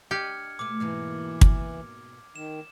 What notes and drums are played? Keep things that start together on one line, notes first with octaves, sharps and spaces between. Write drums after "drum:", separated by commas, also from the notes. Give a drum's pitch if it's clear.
D4 G4 D#5 F6 G#6 C#7
B2 A3 D6
G#2 B2 E3 A#3
drum: kick
D#3 E7